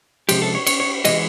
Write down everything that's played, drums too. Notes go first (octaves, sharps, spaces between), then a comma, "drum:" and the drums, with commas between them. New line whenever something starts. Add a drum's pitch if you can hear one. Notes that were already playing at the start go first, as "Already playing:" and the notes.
C3 F3 G#3 G4, drum: cymbal
A4
C#5
C#5, drum: cymbal
C#5
C3 E3 G#3 D#5, drum: cymbal